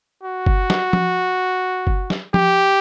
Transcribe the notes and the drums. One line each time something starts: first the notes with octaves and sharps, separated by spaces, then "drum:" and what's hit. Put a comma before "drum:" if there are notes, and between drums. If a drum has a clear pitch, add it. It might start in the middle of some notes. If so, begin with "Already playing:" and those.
F#4
drum: kick F#1
drum: snare
drum: tom F3
drum: kick F#1
drum: snare
G4, drum: tom F3